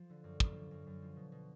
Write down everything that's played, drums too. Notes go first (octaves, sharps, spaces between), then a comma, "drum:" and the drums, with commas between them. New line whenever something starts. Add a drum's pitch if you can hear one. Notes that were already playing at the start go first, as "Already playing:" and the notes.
Already playing: F3
D3
F#2
F#2, drum: kick
F3
F#2
F#2
F3
B2
B2